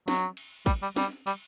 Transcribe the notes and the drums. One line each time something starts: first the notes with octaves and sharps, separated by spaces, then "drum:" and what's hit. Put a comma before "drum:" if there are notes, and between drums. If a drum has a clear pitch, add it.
F#3, drum: snare
drum: cymbal
G3, drum: kick, cymbal
G3
G3, drum: snare
G3, drum: cymbal